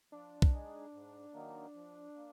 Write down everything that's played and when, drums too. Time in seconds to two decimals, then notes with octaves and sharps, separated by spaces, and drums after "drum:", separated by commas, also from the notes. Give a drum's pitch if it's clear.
0.12 F3 D4
0.42 drum: kick
0.53 G#3 D#4 G#4
0.93 G#2
1.34 D#3 F#3 A#3 D#4
1.74 F3
2.15 A#3